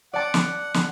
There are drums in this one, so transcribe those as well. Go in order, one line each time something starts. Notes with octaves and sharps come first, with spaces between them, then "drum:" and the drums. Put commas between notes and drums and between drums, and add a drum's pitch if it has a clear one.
D5 F#5 A5 D6
drum: snare
drum: snare